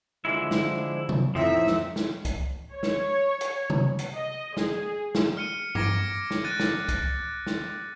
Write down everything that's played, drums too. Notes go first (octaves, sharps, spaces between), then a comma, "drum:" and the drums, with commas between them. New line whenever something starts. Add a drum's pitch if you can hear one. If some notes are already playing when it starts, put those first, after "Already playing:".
D3 F3 G#3 E4
drum: snare
drum: tom C3
F2 A2 F3 C4 D#4 E5
drum: snare
drum: snare
drum: kick C2, hi-hat
C#5
drum: snare
drum: hi-hat
drum: tom C3
drum: hi-hat
D#5
G#4, drum: snare
drum: snare
F6 C#7 D#7
D6 G#6 A#6 C#7 D7, drum: tom G2
drum: snare
F#6 A6 D#7
drum: snare
drum: kick C2, hi-hat
drum: snare